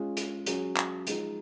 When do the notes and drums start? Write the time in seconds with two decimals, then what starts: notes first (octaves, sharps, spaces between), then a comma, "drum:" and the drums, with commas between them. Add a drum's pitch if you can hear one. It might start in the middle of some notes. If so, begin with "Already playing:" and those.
Already playing: G#3 C#4 F4 G#4
0.17 drum: hi-hat
0.46 F#3 C#4 G#4, drum: hi-hat
0.77 drum: clap
1.07 F3 G#3 D#4 G#4, drum: hi-hat